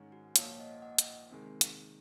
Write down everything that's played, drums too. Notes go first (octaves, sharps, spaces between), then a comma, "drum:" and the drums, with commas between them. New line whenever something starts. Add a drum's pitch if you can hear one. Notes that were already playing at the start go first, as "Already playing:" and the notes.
Already playing: G#2 D#3 G#3 C#4
F#4
A#1 A#2 F3 C#5 F5, drum: hi-hat
D#5 F#5
D#5 F#5
drum: hi-hat
C3 D#3 G#3
drum: hi-hat